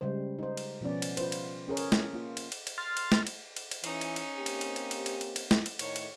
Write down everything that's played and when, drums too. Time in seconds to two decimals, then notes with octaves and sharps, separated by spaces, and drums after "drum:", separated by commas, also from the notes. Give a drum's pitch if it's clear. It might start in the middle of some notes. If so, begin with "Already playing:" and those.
0.01 C#3 G3 G#3 C5
0.39 D#4 C5
0.57 drum: cymbal
0.81 B2 F3 B3 C#4 D5
1.02 drum: cymbal
1.17 F4 B4 C5, drum: cymbal
1.32 drum: cymbal
1.68 C#4 G#4 A#4 C#5
1.77 drum: cymbal
1.92 drum: snare
2.13 A#3 F4
2.37 drum: cymbal
2.52 drum: cymbal
2.67 drum: cymbal
2.78 C6 F6 A6
2.97 drum: cymbal
3.12 drum: snare
3.27 drum: cymbal
3.56 drum: cymbal
3.71 drum: cymbal
3.84 E3 C#4 D#4, drum: cymbal
4.01 drum: cymbal
4.16 drum: cymbal
4.36 A#3 C4 G4
4.46 drum: cymbal
4.61 drum: cymbal
4.76 drum: cymbal
4.91 drum: cymbal
5.06 drum: cymbal
5.21 drum: cymbal
5.36 drum: cymbal
5.51 drum: snare
5.66 drum: cymbal
5.79 A2 D#3 C#5, drum: cymbal
5.96 drum: cymbal